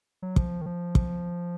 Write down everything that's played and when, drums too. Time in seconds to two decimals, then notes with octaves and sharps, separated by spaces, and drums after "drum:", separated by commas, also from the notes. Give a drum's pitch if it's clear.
0.22 F#3
0.36 F3, drum: kick
0.61 D#3
0.66 F3
0.95 drum: kick